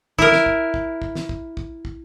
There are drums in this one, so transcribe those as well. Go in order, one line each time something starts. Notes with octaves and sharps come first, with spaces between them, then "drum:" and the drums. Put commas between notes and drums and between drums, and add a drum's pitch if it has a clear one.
E4 A#4, drum: kick
drum: snare
drum: kick
drum: kick
drum: kick
drum: snare
drum: kick
drum: kick
drum: kick